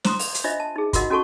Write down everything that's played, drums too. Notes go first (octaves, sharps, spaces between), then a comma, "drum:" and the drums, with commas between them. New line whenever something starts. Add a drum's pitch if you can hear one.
C5 A#5 C6 D#6, drum: snare
drum: open hi-hat
drum: hi-hat
D4 F4 C5 D#5 E5
A5
D#4 G#4
F4 F#4 A#4 D#5 F#5, drum: kick, hi-hat
C#4 F#4 A4 A5 C#6